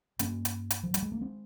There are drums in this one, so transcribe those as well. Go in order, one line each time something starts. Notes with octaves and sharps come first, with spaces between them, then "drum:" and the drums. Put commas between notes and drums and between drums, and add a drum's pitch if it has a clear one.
G2 A#3 C#4, drum: hi-hat
drum: hi-hat
drum: hi-hat
F3
G3, drum: hi-hat
G#3
A#3
G#3 C4